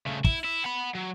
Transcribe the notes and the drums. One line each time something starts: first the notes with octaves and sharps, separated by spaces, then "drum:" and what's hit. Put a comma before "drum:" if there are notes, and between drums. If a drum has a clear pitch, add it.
C#3 A3
E4, drum: kick
E4
F#5 B5
F#3